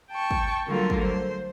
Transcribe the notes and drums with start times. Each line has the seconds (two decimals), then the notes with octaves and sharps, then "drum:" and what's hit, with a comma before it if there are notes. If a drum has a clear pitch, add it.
0.11 G5 A5 C#6
0.31 drum: kick
0.67 D3 F#3 G3 A3 A#3 F4
0.90 drum: kick
1.03 C5